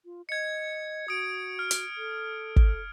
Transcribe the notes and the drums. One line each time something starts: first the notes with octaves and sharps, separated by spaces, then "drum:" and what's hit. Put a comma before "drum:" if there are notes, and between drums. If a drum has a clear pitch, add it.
F4
D#5 G#6 C#7
F#4 D#6 D7
F6
drum: hi-hat
A4
drum: kick